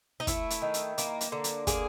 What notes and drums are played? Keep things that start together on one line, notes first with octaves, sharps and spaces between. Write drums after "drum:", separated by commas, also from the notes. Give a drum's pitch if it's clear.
D#4
A3 E4, drum: kick, hi-hat
drum: hi-hat
D#3
drum: hi-hat
A#3, drum: hi-hat
drum: hi-hat
D3
drum: hi-hat
A#3 G#4, drum: kick, hi-hat